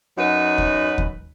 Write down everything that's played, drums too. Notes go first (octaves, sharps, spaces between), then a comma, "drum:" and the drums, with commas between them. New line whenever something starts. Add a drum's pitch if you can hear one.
F#2 F#3 D#4 B4
drum: kick D#2
drum: kick D#2